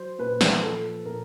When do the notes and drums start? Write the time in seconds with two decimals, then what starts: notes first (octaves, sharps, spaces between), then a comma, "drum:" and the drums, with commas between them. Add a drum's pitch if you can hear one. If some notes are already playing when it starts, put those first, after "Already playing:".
Already playing: F#3 C5
0.19 A#2 B4
0.41 drum: snare
0.63 F3 A4
1.05 A#2 A#4